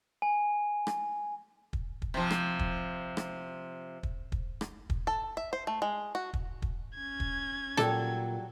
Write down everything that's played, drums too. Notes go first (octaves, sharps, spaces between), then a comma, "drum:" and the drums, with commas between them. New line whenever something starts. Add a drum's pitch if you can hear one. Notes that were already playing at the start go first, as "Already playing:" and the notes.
G#5
drum: rim click
drum: kick
drum: kick
C3 F3
drum: rim click
drum: kick
drum: rim click
drum: kick
drum: kick
drum: rim click
drum: kick
A4
E5
C5
A3
G#3
F#4
drum: kick
drum: kick
C#4 G#6
drum: kick
A#2 F#3 G3 A4, drum: rim click